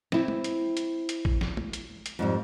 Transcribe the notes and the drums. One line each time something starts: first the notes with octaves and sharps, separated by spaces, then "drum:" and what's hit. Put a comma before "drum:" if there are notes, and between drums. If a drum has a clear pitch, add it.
C4 E4, drum: snare
drum: tom
drum: hi-hat
drum: hi-hat
drum: hi-hat
drum: kick A1
drum: snare
drum: tom
drum: hi-hat
drum: hi-hat
F2 G#2 G3